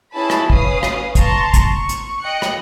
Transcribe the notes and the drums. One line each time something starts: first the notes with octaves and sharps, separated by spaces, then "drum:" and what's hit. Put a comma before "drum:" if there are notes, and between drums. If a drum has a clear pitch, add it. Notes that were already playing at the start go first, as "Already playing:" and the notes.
C#4 E4 G#4 B4 A5 B5
drum: rim click
C#4 B4 F5 D#6 C7, drum: kick
drum: rim click
A5 A#5 C6 C#6, drum: kick, hi-hat
drum: kick, hi-hat
C#6
drum: hi-hat
D#5 G5 F#6 C#7
drum: rim click